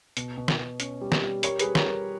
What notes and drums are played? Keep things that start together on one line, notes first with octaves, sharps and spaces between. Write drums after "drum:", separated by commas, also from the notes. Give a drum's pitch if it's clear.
B2, drum: hi-hat
B2
drum: snare
B2
C#4, drum: hi-hat
G3
drum: snare
G3
G3 A#4 C#5, drum: hi-hat
G3 G#4 B4, drum: hi-hat
A#4 C#5, drum: snare
G3